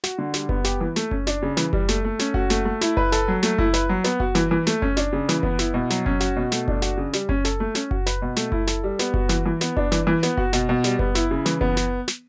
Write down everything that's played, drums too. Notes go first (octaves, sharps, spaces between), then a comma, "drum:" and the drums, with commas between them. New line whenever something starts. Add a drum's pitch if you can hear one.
F#4, drum: snare
D3
G3, drum: snare
B3, drum: kick F#1
G4, drum: snare
E3
A3, drum: snare
C#4, drum: kick F#1
D4, drum: snare
C#3
E3, drum: snare
G3, drum: kick F#1
A3, drum: snare
A3
C#4, drum: snare
F#4, drum: kick F#1
A3, drum: snare
A3
E4, drum: snare
B4, drum: kick F#1
A4, drum: snare
F#3
A3, drum: snare
E4, drum: kick F#1
B4, drum: snare
F#3
B3, drum: snare
F#4, drum: kick F#1
E3, drum: snare
E3
A3, drum: snare
C#4, drum: kick F#1
D4, drum: snare
C#3
E3, drum: snare
B3, drum: kick F#1
E4, drum: snare
B2
F#3, drum: snare
C#4, drum: kick F#1
F#4, drum: snare
B2
A3, drum: snare
D4, drum: kick F#1
F#4, drum: snare
C#3
G3, drum: snare
C#4, drum: kick F#1
A4, drum: snare
A3
C#4, drum: snare
F#4, drum: kick F#1
B4, drum: snare
B2
A3, drum: snare
E4, drum: kick F#1
A4, drum: snare
G3
B3, drum: snare
F#4, drum: kick F#1
E3, drum: snare
E3
B3, drum: snare
D4, drum: kick F#1
E3, drum: snare
E3
B3, drum: snare
F#4, drum: kick F#1
B2, drum: snare
B2
G3, drum: snare
B3, drum: kick F#1
E4, drum: snare
C#3
E3, drum: snare
B3, drum: kick F#1
drum: snare
drum: snare